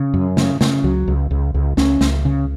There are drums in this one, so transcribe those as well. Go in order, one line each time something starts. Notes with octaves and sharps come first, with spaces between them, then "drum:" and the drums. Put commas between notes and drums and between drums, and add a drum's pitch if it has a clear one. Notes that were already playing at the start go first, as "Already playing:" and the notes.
Already playing: C#3
F#2
C#3, drum: snare
C#3, drum: snare
C#2 F#3
C#2
C#2
C#2
C#2 C#4, drum: snare
C#2, drum: snare
C#3